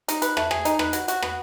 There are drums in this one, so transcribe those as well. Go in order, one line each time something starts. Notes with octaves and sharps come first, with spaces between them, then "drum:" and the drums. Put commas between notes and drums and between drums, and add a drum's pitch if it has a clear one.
D#4, drum: hi-hat
B4, drum: hi-hat
A3, drum: rim click
G#4, drum: rim click
D#4, drum: hi-hat
B4, drum: rim click
F#3, drum: hi-hat
F#4, drum: hi-hat
B3, drum: rim click